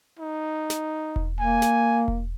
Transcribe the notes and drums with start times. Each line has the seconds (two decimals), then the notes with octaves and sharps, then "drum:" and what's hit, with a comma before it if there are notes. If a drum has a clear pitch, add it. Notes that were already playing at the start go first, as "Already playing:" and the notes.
0.19 D#4
0.70 drum: snare
1.16 drum: kick E1
1.39 A#3 G#5
1.62 drum: snare
2.08 drum: kick E1